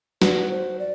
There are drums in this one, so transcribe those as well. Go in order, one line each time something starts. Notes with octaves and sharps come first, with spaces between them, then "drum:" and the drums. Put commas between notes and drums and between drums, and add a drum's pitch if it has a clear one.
F#4 B4, drum: snare
C5
D5